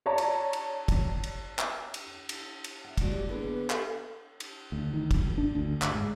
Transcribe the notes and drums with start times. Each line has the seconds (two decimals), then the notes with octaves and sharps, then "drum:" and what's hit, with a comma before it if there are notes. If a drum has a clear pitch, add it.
0.06 C#5 D5 A5 A#5 C#6
0.18 drum: cymbal
0.53 drum: cymbal
0.88 drum: kick, cymbal
1.24 drum: cymbal
1.59 drum: clap
1.94 drum: cymbal
2.29 drum: cymbal
2.64 drum: cymbal
2.85 E5 F#5
2.97 G#3 A#3 F#4 D5, drum: kick, cymbal
3.11 E4 G4
3.29 D3 B3 G#4 B4
3.70 G4 A4, drum: clap
4.40 drum: cymbal
4.72 D2
4.94 D#3
5.11 drum: kick, cymbal
5.20 G#1
5.38 D4
5.55 D2
5.82 G1, drum: clap
5.94 G#2